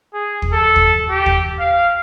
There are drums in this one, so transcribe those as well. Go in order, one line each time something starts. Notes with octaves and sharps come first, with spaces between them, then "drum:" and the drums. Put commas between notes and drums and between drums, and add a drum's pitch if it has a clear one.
G#4
drum: kick
A4
drum: kick
G4
drum: kick
F5